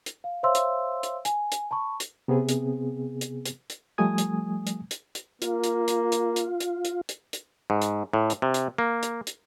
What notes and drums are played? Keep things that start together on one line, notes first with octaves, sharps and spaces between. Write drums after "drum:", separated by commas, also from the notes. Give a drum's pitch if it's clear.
drum: hi-hat
F5
C5 C#5 E5 F5 C6 E6
drum: hi-hat
drum: hi-hat
G#5, drum: hi-hat
drum: hi-hat
A5 B5 C#6
drum: hi-hat
C3 B3 C4 G#4
drum: hi-hat
drum: hi-hat
drum: hi-hat
drum: hi-hat
F3 G3 A3 G#5 D#6 G#6
drum: hi-hat
drum: hi-hat
drum: hi-hat
drum: hi-hat
A#3 F4, drum: hi-hat
drum: hi-hat
drum: hi-hat
drum: hi-hat
drum: hi-hat
drum: hi-hat
drum: hi-hat
drum: hi-hat
drum: hi-hat
G#2
drum: hi-hat
A2
drum: hi-hat
C3
drum: hi-hat
A#3
drum: hi-hat
drum: hi-hat